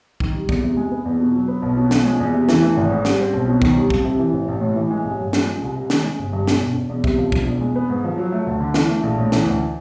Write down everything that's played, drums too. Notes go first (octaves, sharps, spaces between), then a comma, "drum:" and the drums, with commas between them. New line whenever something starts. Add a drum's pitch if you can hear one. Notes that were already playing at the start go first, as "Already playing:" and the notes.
D#3, drum: kick
G3
E2, drum: kick
C3
G#3
B3
E2
B2
F#3
B3
B1
B2
F3, drum: snare
G#3
E2
C3
E3, drum: snare
A3
G#1
G#2
G3, drum: snare
C4
B1
B2
D#3, drum: kick
G3
F2, drum: kick
C3
E3
A1
A1
A2
E3
G#3
A1
G2
F3, drum: snare
G#3
C2
C3
D#3, drum: snare
G#3
G1
G2
B2, drum: snare
E1
E1
E2
C3, drum: kick
F3
E1, drum: kick
E2
G#3
B3
G#2
F3
F#3
A3
D2
D3
E3, drum: snare
A3
A#1
A2
E3, drum: snare
D2